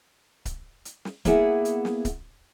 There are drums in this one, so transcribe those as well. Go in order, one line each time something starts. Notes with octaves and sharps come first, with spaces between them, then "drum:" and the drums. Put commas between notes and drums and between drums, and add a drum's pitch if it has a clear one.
drum: kick C#1, hi-hat
drum: hi-hat
drum: snare
A#3 B3 E4 G#4 E5 F#5, drum: kick C#1, hi-hat
drum: hi-hat
drum: snare
drum: kick C#1, hi-hat